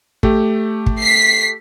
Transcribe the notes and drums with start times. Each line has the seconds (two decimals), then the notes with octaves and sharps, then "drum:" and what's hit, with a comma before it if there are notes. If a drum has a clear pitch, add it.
0.23 A3 G4, drum: kick
0.86 drum: kick
0.99 B6 C7